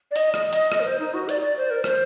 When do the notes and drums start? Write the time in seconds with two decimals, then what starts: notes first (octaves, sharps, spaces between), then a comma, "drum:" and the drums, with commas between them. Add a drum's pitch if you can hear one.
0.11 D5
0.16 D#5, drum: hi-hat
0.34 D#5, drum: rim click
0.53 D#5, drum: hi-hat
0.72 D#5, drum: rim click
0.80 A#4
0.86 C5
0.99 D#4
1.14 F#4
1.29 D5, drum: hi-hat
1.42 D5
1.57 C5
1.70 A#4
1.84 C5, drum: rim click